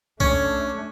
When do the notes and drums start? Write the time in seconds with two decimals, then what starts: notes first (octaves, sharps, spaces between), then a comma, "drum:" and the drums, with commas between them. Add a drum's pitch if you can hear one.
0.20 A3 C#4 D4, drum: kick